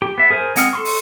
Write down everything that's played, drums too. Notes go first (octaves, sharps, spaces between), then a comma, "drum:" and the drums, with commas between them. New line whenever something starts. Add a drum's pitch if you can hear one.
G4
B3 E5
G#4 A#4 C5 G#5
G#3 C4 F#5 D#6 F6, drum: hi-hat
A4 C6 C#6
drum: open hi-hat